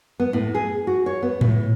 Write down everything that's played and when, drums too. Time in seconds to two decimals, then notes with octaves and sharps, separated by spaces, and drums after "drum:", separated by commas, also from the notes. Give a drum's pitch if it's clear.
0.20 B3
0.33 A2
0.55 G#4
0.87 F#4
1.06 C#5
1.23 B3
1.41 A2, drum: tom A2